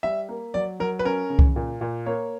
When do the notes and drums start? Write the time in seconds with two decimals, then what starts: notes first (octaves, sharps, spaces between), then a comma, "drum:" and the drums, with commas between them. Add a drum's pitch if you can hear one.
0.03 G3 E5
0.29 A#3
0.54 F#3 D5
0.80 F#3 A#4
0.99 B4
1.05 C#4 A#4
1.30 C#3
1.39 drum: kick C2
1.56 A#2
1.81 A#2
2.06 A#3 C#5